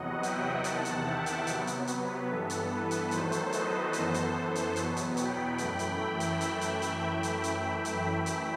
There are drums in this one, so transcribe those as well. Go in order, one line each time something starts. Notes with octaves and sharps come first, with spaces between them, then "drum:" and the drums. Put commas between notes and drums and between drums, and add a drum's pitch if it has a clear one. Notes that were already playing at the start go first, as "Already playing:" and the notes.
Already playing: E2 C3 F#3 B3 D#5 F#5
E5 G5, drum: hi-hat
E2 C3 D#3 F#5 A5, drum: hi-hat
drum: hi-hat
E5 G5
drum: hi-hat
C3 F#3 B3, drum: hi-hat
drum: hi-hat
B4, drum: hi-hat
G2 E3 B3 A4
drum: hi-hat
B4
drum: hi-hat
E2 D#3 F#3 A3 A4 C5, drum: hi-hat
drum: hi-hat
B4 D#5, drum: hi-hat
F#2 E3 B3 A4 C5, drum: hi-hat
drum: hi-hat
drum: hi-hat
E2 B2 F#3 B3, drum: hi-hat
drum: hi-hat
G5 B5, drum: hi-hat
F#2 E3 A3 G5 B5, drum: hi-hat
drum: hi-hat
E5 G5
drum: hi-hat
drum: hi-hat
drum: hi-hat
drum: hi-hat
drum: hi-hat
drum: hi-hat
drum: hi-hat
drum: hi-hat